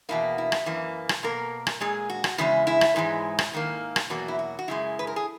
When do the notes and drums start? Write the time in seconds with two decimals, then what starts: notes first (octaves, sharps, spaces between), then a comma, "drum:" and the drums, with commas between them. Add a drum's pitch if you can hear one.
0.09 E2 B2 A#3 E4
0.38 E4
0.52 drum: rim click
0.66 F#2 E3 A#3
1.09 drum: rim click
1.23 B2 A#3 A#4
1.67 drum: rim click
1.81 A#2 G#3 G#4
2.10 F#4
2.24 drum: rim click
2.38 E2 C#3 G#3 E4
2.67 E4
2.81 drum: rim click
2.96 G#2 E3 G#3
3.39 drum: rim click
3.53 G#2 D#3 A#3
3.96 drum: rim click
4.10 E2 B2 F#3 A#3 F#4
4.28 E4
4.39 F#4
4.59 F#4
4.68 F#2 C#3 G#3 E4
4.99 B4
5.07 A#4
5.16 G#4